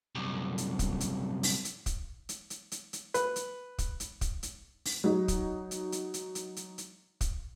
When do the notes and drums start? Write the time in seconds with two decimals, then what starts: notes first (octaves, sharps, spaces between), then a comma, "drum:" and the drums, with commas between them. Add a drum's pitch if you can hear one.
0.15 C2 F#2
0.58 drum: hi-hat
0.79 drum: kick, hi-hat
1.00 drum: hi-hat
1.43 drum: open hi-hat
1.65 drum: hi-hat
1.86 drum: kick, hi-hat
2.29 drum: hi-hat
2.50 drum: hi-hat
2.72 drum: hi-hat
2.93 drum: hi-hat
3.14 B4, drum: hi-hat
3.36 drum: hi-hat
3.78 drum: kick, hi-hat
4.00 drum: hi-hat
4.21 drum: kick, hi-hat
4.43 drum: hi-hat
4.85 drum: open hi-hat
5.04 F#3 D#4
5.28 drum: kick, hi-hat
5.71 drum: hi-hat
5.92 drum: hi-hat
6.14 drum: hi-hat
6.35 drum: hi-hat
6.56 drum: hi-hat
6.78 drum: hi-hat
7.21 drum: kick, hi-hat